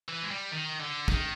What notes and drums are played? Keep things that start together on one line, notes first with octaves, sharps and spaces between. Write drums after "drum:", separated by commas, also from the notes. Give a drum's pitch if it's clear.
E3
G#3
G3
D#3
D3
D#3, drum: kick